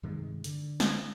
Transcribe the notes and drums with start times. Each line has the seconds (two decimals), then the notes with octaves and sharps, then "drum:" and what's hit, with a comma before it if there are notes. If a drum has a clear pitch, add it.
0.03 G2 C3 D#3 G#3
0.44 D3, drum: hi-hat
0.80 drum: snare